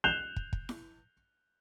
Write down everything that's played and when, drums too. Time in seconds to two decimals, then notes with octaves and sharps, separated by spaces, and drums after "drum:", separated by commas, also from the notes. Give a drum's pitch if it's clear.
0.04 F#6 G6 C7 E7 F7 G7
0.36 drum: kick
0.53 drum: kick
0.69 drum: snare E4